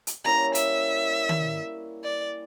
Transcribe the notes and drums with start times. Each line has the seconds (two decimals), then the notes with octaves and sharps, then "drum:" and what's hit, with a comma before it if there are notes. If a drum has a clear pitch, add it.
0.07 drum: hi-hat
0.24 G3 A#3 C#4 E4 A#5
0.55 E5, drum: hi-hat
1.29 drum: tom D#3
2.03 D5